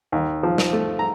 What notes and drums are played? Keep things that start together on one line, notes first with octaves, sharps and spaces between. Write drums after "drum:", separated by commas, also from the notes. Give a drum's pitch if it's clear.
D#2
F3
drum: snare
A3
A#5